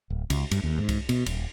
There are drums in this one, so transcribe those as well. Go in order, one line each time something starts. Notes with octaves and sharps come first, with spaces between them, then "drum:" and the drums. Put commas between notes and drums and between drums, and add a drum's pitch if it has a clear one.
D1
C#2, drum: cymbal
G2, drum: cymbal
D#2
G#2
drum: kick C2, cymbal
B2, drum: cymbal
D#1, drum: cymbal